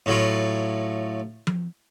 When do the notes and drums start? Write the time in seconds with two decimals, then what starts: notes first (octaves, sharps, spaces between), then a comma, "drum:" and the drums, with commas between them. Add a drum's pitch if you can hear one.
0.06 A2 F#3 F4
1.47 drum: tom F3